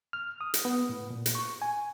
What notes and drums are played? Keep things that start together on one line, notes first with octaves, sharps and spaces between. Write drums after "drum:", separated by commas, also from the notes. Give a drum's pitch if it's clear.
F6
D#6
drum: hi-hat
B3
A2
A#2
drum: hi-hat
C#6
G#5